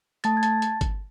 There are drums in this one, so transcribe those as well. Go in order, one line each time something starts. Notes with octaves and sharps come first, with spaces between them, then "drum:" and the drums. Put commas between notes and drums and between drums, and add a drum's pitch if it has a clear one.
A3 A5 A6, drum: hi-hat
G#6
A5 A6, drum: hi-hat
drum: hi-hat
drum: kick, hi-hat